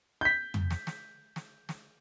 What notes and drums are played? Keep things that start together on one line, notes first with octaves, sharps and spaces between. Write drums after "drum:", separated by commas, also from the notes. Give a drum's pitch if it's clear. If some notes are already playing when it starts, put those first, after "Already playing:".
G6 B6
drum: tom
drum: snare
drum: snare
drum: snare
drum: snare